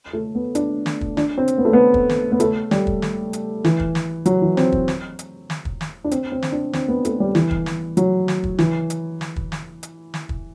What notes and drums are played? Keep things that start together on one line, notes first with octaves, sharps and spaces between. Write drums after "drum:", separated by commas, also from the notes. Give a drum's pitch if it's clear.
A3
B3
D4, drum: hi-hat
drum: snare
drum: kick
D4, drum: snare
C4
drum: hi-hat
B3
A3
B3
drum: kick
drum: snare
B3
A3, drum: hi-hat
G3, drum: snare
drum: kick
drum: snare
drum: hi-hat
E3, drum: snare
drum: kick
drum: snare
F#3, drum: hi-hat
E3
C4, drum: snare
drum: kick
drum: snare
drum: hi-hat
drum: snare
drum: kick
drum: snare
D4
C4, drum: hi-hat
C4
drum: snare
D4
C4, drum: snare
B3
A3, drum: hi-hat
G3
E3, drum: snare
drum: kick
drum: snare
F#3, drum: hi-hat
drum: snare
drum: kick
E3, drum: snare
drum: hi-hat
drum: snare
drum: kick
drum: snare
drum: hi-hat
drum: snare
drum: kick